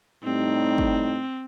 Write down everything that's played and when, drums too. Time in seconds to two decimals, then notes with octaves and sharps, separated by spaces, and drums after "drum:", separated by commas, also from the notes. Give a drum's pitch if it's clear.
0.24 A2 G3 C4 D#4
0.78 drum: kick